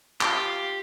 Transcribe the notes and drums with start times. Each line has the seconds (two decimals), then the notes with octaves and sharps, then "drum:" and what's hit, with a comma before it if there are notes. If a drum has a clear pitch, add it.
0.21 F4 G4 F5, drum: clap